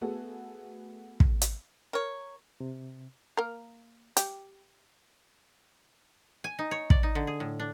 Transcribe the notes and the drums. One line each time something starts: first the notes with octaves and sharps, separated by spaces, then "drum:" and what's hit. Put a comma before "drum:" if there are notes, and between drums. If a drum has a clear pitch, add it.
A3 B3 F#4 G#4 A4
drum: kick
drum: hi-hat
A#4 C#5
C3
A#3 A#4
G4, drum: hi-hat
G#5
D#4
C#5
D5, drum: kick
D#4
D3
G#4
A2
D4